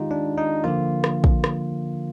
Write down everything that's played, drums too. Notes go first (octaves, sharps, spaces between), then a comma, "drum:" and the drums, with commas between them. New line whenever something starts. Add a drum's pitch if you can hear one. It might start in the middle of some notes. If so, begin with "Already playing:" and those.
Already playing: D#3 G#3 D#4 F4 G4
D4
D#4
D3 F3 A#3 F4
drum: rim click
drum: kick
drum: rim click